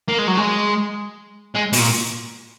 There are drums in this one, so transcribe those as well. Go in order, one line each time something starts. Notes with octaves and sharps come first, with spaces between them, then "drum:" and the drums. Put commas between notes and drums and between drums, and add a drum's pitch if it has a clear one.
A#3
G#3
F#3
G#3
G#3
B2, drum: open hi-hat
A#2